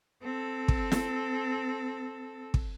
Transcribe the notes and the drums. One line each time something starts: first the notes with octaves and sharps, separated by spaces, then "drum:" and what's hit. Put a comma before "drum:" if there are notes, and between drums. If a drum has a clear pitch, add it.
C4 A4
drum: kick
drum: snare
drum: kick